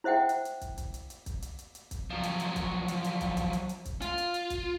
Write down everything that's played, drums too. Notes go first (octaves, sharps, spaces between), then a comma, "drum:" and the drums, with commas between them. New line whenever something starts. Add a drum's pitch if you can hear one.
E4 C5 E5 F#5 G5
drum: hi-hat
drum: hi-hat
drum: kick, hi-hat
drum: kick, hi-hat
drum: hi-hat
drum: hi-hat
drum: kick, hi-hat
drum: hi-hat
drum: hi-hat
drum: hi-hat
drum: kick, hi-hat
F3 F#3
drum: hi-hat
drum: hi-hat
drum: kick, hi-hat
drum: hi-hat
drum: hi-hat
drum: kick, hi-hat
drum: kick, hi-hat
drum: hi-hat
drum: hi-hat
drum: kick, hi-hat
F4, drum: hi-hat
drum: hi-hat
drum: hi-hat
drum: kick, hi-hat